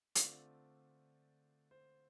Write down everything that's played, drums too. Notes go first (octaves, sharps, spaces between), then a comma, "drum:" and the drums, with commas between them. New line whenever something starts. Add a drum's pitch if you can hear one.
D3 A3 C4 F4 D5, drum: hi-hat
C5